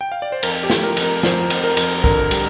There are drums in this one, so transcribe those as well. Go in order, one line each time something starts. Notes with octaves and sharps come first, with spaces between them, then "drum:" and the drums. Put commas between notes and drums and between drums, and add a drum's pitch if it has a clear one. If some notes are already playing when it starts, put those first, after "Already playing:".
G5
F5
D5
C5
F2 A#4, drum: cymbal
G4
F2, drum: snare
A#4
F2, drum: cymbal
A#4
F3 C5, drum: snare
F2, drum: cymbal
A#4
F2, drum: cymbal
D3 A#4, drum: kick
G3, drum: cymbal